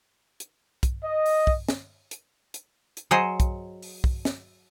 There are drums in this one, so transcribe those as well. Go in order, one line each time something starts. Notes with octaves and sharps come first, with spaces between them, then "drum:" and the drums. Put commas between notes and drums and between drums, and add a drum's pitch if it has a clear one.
drum: hi-hat
drum: kick, hi-hat
D#5
drum: open hi-hat
drum: kick
drum: snare
drum: hi-hat
drum: hi-hat
drum: hi-hat
F#3 G#4 C5 D#5
drum: kick, hi-hat
drum: open hi-hat
drum: kick
drum: snare